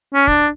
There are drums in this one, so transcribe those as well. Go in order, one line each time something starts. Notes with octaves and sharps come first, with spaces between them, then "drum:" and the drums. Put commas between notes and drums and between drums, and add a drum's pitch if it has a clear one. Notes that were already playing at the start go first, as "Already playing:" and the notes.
C#4
D4, drum: kick